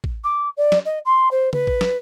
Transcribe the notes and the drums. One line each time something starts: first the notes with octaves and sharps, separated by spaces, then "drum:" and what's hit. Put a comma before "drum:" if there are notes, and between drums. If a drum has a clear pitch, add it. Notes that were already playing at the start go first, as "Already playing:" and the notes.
drum: kick
D6
D5
drum: snare
D#5
C6
C5
B4, drum: tom C#3
drum: kick
drum: snare